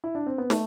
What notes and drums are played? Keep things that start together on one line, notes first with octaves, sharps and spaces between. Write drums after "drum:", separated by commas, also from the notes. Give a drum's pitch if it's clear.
E4
D4
C4
B3
A3, drum: snare